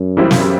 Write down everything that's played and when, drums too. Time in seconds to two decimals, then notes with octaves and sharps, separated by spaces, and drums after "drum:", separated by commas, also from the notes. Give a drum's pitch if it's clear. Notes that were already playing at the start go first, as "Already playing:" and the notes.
Already playing: F#2
0.17 C#3 E3 G3 C4 E4
0.31 drum: snare